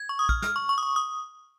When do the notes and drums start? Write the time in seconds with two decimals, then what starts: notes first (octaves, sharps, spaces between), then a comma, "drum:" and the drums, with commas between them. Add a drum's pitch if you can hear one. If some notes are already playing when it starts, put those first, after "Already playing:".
Already playing: G#6
0.09 C#6
0.19 D#6
0.29 F6, drum: kick
0.42 F6, drum: snare
0.56 C#6
0.69 C#6
0.78 D#6
0.83 C#6
0.96 D#6